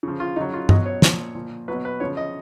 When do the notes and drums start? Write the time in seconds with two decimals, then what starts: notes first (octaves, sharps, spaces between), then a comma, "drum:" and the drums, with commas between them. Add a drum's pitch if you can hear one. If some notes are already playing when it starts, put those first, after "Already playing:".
0.03 C#3 F3
0.20 F4
0.36 C#3 F#3 D#4
0.54 F4
0.69 B2 F#3 D#5, drum: tom G2
0.86 C#5
1.02 A#2 F3, drum: snare
1.35 A#2 F3
1.68 B2 F#3 B4
1.85 B4
2.00 C#3 F3 C#5
2.17 D#5